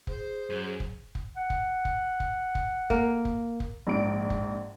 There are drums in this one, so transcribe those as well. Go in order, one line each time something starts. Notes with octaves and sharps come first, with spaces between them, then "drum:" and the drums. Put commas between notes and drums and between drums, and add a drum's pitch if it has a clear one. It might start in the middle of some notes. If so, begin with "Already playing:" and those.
G#4 C5, drum: kick
F#2
drum: kick
drum: kick
F#5
drum: kick
drum: kick
drum: kick
drum: kick
A#3, drum: kick
drum: kick
drum: kick
A#1 G#2 D5 D7
drum: kick